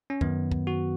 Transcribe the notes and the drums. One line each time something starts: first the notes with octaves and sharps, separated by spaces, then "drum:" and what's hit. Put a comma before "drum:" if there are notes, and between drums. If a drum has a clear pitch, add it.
C#4
F#2 D#3 F#3 B3, drum: kick
drum: kick
F#4